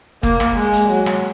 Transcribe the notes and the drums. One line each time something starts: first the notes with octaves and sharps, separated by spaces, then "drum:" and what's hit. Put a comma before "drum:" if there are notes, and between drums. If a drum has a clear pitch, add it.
A#3, drum: kick
drum: rim click
G#3
drum: hi-hat
F#3
drum: rim click